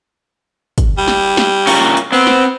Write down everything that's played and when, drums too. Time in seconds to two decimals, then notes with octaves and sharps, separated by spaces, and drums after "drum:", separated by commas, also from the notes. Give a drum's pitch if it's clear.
0.78 drum: kick, hi-hat
0.98 G3
1.08 drum: snare
1.37 drum: snare
1.67 C#4 F4 A#4, drum: open hi-hat
1.97 drum: hi-hat
2.12 B3 C4
2.27 drum: snare